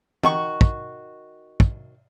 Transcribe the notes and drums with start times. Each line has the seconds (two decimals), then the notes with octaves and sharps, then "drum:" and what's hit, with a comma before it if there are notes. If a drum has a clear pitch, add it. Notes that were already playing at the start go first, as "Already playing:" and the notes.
0.23 D#3 F#4 C#6, drum: tom
0.61 drum: kick
1.60 drum: kick